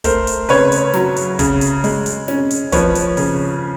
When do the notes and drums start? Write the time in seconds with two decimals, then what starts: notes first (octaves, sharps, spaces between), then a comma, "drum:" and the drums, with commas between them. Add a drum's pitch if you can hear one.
0.04 A3 A#4 C5, drum: kick, hi-hat
0.27 drum: hi-hat
0.49 C#3 B4 C#5, drum: open hi-hat
0.72 drum: hi-hat
0.94 F#3, drum: snare
1.16 drum: hi-hat
1.39 C#3, drum: kick, hi-hat
1.61 drum: hi-hat
1.84 G#3, drum: open hi-hat
2.06 drum: hi-hat
2.28 C#4, drum: snare
2.51 drum: hi-hat
2.72 F3 B4 C#5, drum: kick, hi-hat
2.95 drum: hi-hat
3.17 C#3, drum: open hi-hat